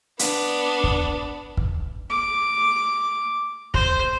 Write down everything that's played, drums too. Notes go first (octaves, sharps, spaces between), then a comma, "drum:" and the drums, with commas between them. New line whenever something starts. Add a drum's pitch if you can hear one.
B3 D4, drum: hi-hat
drum: kick
drum: kick
D6
C5, drum: kick